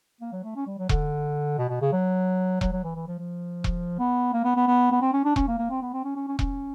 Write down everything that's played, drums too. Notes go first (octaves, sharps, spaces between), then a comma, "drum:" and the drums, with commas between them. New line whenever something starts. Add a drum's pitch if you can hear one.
A#3
F#3
A3
C#4
G3
F#3
D3, drum: kick E1
B2
B2
C#3
F#3
F#3, drum: kick E1
F#3
E3
E3
F3
F3
drum: kick E1
B3
A#3
B3
B3
B3
B3
C4
C#4
D4
C#4, drum: kick E1
A#3
A#3
C4
B3
C4
C#4
C#4
C#4
C#4, drum: kick E1